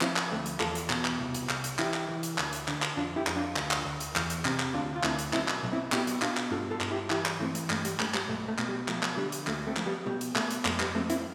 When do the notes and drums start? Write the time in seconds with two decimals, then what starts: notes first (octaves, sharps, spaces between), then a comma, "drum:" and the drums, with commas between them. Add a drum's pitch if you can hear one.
0.01 F3 C4 E4, drum: clap
0.16 drum: clap
0.31 D2 A3 C4
0.46 drum: hi-hat
0.60 E2 F4 A4, drum: clap
0.75 drum: hi-hat
0.90 B2, drum: clap
1.05 drum: clap
1.20 C2
1.34 drum: hi-hat
1.49 C2, drum: clap
1.64 drum: hi-hat
1.79 E3 E4 G4, drum: clap
1.94 drum: clap
2.09 E3
2.23 drum: hi-hat
2.38 D2, drum: clap
2.53 drum: hi-hat
2.68 D3, drum: clap
2.82 drum: clap
2.97 F2 D4 F4
3.16 E4 G4
3.27 F2, drum: clap
3.36 D4 F4
3.56 D2, drum: clap
3.71 drum: clap
3.85 D2
4.00 drum: hi-hat
4.16 E2, drum: clap
4.30 drum: hi-hat
4.45 C3, drum: clap
4.60 drum: clap
4.74 D2 D4 F4
4.96 F4
5.03 D2 C4 E4, drum: clap
5.19 drum: hi-hat
5.33 B1 C4 E4, drum: clap
5.48 drum: clap
5.63 B1
5.73 C4 E4
5.92 B2 E4 G4, drum: clap
6.07 drum: hi-hat
6.22 B2 D4 F4, drum: clap
6.37 drum: clap
6.51 G2 F4 A4
6.71 F4 A4
6.81 G2, drum: clap
6.91 E4 G4
7.10 E3 E4 G4, drum: clap
7.25 drum: clap
7.40 E3 A3 C4
7.55 drum: hi-hat
7.70 G2 A3, drum: clap
7.85 G3, drum: hi-hat
8.00 G2 A3, drum: clap
8.14 G3, drum: clap
8.28 B1 A3
8.48 A3
8.58 B2, drum: clap
8.69 G3
8.88 F3 A3, drum: clap
9.03 drum: clap
9.17 D3 G3
9.32 drum: hi-hat
9.47 D2 A3, drum: clap
9.67 A3 C4
9.76 F3, drum: clap
9.86 G3 B3
10.06 B2 G3
10.21 drum: hi-hat
10.36 B2 A3, drum: clap
10.51 drum: hi-hat
10.65 F2 A3, drum: clap
10.80 G3 B3, drum: clap
10.94 F2 A3 C4
11.10 C4 E4, drum: hi-hat